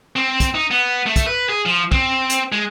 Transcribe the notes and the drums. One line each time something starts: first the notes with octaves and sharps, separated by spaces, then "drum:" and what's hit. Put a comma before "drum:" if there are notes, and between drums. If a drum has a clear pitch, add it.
C4
drum: kick, hi-hat
D#4
B3
A3
drum: kick, hi-hat
B4
G#4
F3
C4, drum: kick
drum: hi-hat
G#3